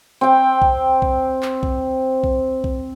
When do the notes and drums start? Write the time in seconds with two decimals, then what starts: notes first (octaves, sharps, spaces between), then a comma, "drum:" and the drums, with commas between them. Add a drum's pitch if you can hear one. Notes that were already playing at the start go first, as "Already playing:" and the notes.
0.21 C4 G5
0.62 drum: kick B1
1.02 drum: kick B1
1.43 drum: clap
1.63 drum: kick B1
2.24 drum: kick B1
2.64 drum: kick B1